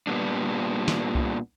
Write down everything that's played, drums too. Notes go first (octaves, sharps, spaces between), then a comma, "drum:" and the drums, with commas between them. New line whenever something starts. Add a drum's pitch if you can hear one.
A#2 G3 B3 D4
drum: snare
drum: kick C2